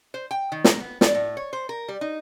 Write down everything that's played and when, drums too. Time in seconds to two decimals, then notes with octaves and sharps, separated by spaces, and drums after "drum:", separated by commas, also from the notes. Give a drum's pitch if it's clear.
0.14 C5
0.31 G5
0.52 D#3
0.64 A#3, drum: snare
0.80 B3
1.01 D5, drum: snare
1.15 A2
1.37 C#5
1.53 C5
1.69 A#4
1.88 G3
2.01 D#4